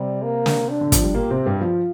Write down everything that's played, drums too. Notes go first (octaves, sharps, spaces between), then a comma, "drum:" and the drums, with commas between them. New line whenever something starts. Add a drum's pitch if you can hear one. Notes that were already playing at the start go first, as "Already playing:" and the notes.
Already playing: C3 G3 C4
A#3
drum: snare
D4
D3
F3, drum: kick, hi-hat
G3
A#2 A#3 G4
C3 C4
G2 G3
F3 F4